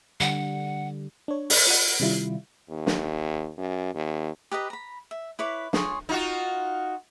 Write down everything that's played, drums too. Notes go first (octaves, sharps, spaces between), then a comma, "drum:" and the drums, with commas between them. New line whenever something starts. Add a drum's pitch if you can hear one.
D3 G3 F#5
D4 C#5
drum: open hi-hat
F4 F#5
C3 D#3 G3 E4 F4
D#2
drum: snare
F#2
D#2
G4 B4 D#5 A#5
A#5 B5
E5
E4 B4 C#5 D6
F4 G#4 C#5 C6, drum: snare
D#4 F4 F#4